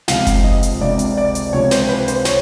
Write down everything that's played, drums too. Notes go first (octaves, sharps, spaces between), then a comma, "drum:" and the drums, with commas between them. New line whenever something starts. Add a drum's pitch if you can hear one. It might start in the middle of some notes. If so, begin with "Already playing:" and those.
C#2 C3 F3 F5, drum: snare
drum: kick F#1, hi-hat
D#5
drum: hi-hat
C#2 C3 F3 D5
drum: hi-hat
D5
drum: hi-hat
C#2 C3 F3 C#5
C5, drum: snare
B4
C5, drum: hi-hat
C#5, drum: snare